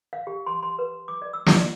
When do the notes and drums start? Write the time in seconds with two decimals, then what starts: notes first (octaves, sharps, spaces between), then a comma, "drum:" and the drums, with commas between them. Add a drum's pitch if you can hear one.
0.13 F5
0.27 G4
0.46 C6
0.63 C6
0.79 B4
1.08 D6
1.22 D5
1.33 E6
1.46 drum: snare
1.57 D5